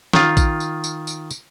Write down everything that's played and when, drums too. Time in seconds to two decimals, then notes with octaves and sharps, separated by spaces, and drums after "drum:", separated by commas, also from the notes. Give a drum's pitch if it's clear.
0.13 D#3 F4, drum: snare
0.37 drum: kick A#1, tambourine
0.60 drum: tambourine
0.84 drum: tambourine
1.07 drum: tambourine
1.31 drum: tambourine